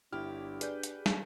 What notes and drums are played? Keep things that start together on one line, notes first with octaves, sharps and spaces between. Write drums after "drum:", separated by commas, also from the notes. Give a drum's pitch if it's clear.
G1 D4 E4 G4 F6
G#4 B4 D5 G6, drum: hi-hat
drum: hi-hat
drum: snare